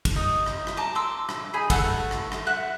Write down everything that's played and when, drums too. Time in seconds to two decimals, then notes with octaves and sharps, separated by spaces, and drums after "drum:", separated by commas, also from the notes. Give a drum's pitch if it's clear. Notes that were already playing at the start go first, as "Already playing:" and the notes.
0.05 drum: kick, cymbal
0.16 D#4 D#6
0.46 drum: rim click
0.67 drum: rim click
0.77 A5 A#5 D6
0.95 C6 D6 E6
1.29 drum: rim click
1.54 D#4 G#4 B5
1.70 A3 A4 F#5 E6, drum: kick, cymbal
2.11 drum: rim click
2.32 drum: rim click
2.47 E5 F#5 F#6